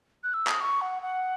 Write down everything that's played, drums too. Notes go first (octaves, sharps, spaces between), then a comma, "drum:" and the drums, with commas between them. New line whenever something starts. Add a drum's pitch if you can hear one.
F#6
E6
D#6, drum: clap
C#6
F#5
F#5